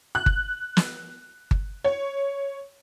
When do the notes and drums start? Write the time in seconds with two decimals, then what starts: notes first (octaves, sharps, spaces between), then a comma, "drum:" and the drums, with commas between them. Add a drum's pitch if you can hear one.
0.15 F#6
0.26 drum: kick G1
0.77 drum: snare
1.51 drum: kick G1
1.84 C#5